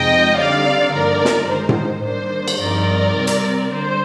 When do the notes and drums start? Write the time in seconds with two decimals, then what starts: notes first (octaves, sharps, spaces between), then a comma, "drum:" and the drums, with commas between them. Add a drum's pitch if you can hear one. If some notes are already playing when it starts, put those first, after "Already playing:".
Already playing: F2 C3 F3 G#3 D#4 D#5 G5
0.37 D3 G3 C4 D#4 D5 F5
0.93 G2 D3 F3 A#3 D#4 A#4 D5
1.25 drum: snare
1.49 D#3 G#3 D#4 C5
1.69 drum: tom A2
2.04 D#3 G3 A#3 D4 C5
2.48 drum: cymbal
2.60 G2 F3 C4 D#4 A#4 D5
3.17 C3 G3 C4
3.27 drum: hi-hat
3.73 D3 G3 C5